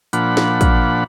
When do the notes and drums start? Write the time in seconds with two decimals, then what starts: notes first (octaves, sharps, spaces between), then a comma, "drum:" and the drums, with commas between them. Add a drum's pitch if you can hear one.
0.13 A#2 F3 D4 F#5 B5, drum: hi-hat
0.37 drum: snare
0.61 drum: kick, hi-hat